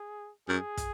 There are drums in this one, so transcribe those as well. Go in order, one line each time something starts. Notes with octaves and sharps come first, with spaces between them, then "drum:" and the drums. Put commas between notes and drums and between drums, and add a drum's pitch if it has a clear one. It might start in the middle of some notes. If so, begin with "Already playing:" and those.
Already playing: G#4
F#2 G#4
drum: kick, hi-hat